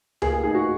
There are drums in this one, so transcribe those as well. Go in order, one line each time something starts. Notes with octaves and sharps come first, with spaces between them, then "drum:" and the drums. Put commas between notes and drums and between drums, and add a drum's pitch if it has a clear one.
A#3 G#4, drum: tom C#2
G#4
D#4 G#4
F#4